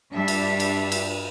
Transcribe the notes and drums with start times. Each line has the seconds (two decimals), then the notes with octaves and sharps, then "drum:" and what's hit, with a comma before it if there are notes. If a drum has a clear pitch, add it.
0.12 G2 G3 D4 E5
0.28 drum: cymbal
0.60 drum: cymbal
0.92 drum: cymbal